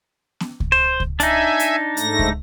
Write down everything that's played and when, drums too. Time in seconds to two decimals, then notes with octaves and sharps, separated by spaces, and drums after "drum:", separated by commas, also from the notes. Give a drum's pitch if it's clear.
0.40 drum: snare B3
0.60 drum: kick C#2
0.72 C5
1.00 drum: kick C#2
1.20 D4 D#4 E5 G#5, drum: hi-hat
1.60 drum: hi-hat
1.97 G#2 A3 A#6, drum: hi-hat
2.19 drum: kick C#2